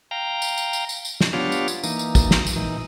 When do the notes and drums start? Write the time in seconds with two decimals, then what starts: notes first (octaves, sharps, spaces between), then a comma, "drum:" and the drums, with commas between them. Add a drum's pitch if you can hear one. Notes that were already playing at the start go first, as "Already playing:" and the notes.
0.11 F5 G5 A#5
0.42 drum: tambourine
0.57 drum: tambourine
0.73 drum: tambourine
0.89 drum: tambourine
1.05 drum: tambourine
1.21 drum: snare
1.33 B3 D4 F4 G4 C#5 F5
1.52 drum: tambourine
1.68 drum: tambourine
1.84 E3 A#3 D#4, drum: tambourine
1.99 drum: tambourine
2.15 drum: kick, tambourine
2.31 drum: snare
2.47 drum: tambourine
2.56 A#2 E3 D#4